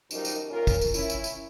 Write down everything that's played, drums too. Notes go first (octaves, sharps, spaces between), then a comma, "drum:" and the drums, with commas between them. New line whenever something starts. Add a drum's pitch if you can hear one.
F#2 D#3 F3 G3 D#4 A#4, drum: tambourine
drum: tambourine
A#2 C#4 F4 A#4
drum: kick, tambourine
drum: tambourine
C#4 E4, drum: tambourine
drum: tambourine
drum: tambourine